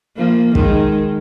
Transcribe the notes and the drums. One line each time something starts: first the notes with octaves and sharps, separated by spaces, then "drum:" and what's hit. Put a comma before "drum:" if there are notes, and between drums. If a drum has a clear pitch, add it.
F3 A#3
D#3 G#3, drum: kick